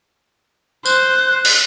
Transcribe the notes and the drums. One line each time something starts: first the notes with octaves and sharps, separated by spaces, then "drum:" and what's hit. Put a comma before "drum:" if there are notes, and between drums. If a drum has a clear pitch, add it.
C5 F#6, drum: tambourine
drum: cymbal